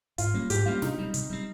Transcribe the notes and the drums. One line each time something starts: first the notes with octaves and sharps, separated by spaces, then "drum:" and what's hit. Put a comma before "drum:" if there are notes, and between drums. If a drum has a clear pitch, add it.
G#2 F4, drum: hi-hat
G3 A#3 C#4
G#2 G4, drum: hi-hat
G3 A#3 C#4 F4
C3 D#4, drum: snare
G3 C4
C3, drum: hi-hat
G3 C4